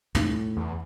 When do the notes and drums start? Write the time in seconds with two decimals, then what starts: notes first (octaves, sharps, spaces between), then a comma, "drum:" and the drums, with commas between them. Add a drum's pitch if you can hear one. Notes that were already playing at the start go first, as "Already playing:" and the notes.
0.15 A2, drum: tom
0.57 E2